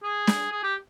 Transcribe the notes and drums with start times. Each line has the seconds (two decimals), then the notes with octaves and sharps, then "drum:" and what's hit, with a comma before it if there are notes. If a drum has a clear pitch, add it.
0.03 G#4
0.27 drum: snare
0.52 G#4
0.63 G4